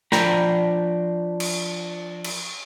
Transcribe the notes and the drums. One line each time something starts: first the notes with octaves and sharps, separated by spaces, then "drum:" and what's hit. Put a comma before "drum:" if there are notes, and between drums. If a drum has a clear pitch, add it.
F3 D4 G5 A#5 B5, drum: snare
drum: cymbal
drum: cymbal